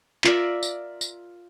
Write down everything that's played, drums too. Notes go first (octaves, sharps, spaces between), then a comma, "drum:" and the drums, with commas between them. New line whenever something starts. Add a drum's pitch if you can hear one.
F4 A#4 D5 E5, drum: clap
drum: tambourine
drum: tambourine